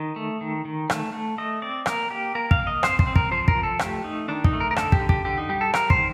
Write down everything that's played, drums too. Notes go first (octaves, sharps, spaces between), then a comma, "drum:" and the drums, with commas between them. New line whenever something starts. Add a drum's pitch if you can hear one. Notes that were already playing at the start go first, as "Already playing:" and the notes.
Already playing: D#3 D#5
A3
D#3
D#3
A3, drum: rim click
A3
A3 D#5
C4 D5
A#3 A#4, drum: rim click
A#3 G4
A#3 A#4
F5, drum: kick
A#3
D#5
C4 C5, drum: rim click
C5, drum: kick
C4
A#4, drum: kick
F3 C5
A#4, drum: kick
F3
A4
A3 G4, drum: rim click
A3 D#4
D#3 D4
D#4, drum: kick
A3
A#4
A#4
D3 A4, drum: rim click
G4, drum: kick
D3
G4, drum: kick
D3 G4
D#4
G3 G4
A4
G3 A#4, drum: rim click
C5, drum: kick
D#3